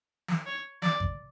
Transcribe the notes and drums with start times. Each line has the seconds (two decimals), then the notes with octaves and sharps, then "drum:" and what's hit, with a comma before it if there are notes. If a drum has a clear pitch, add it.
0.28 drum: snare
0.46 C#5
0.82 D5, drum: snare
1.00 drum: kick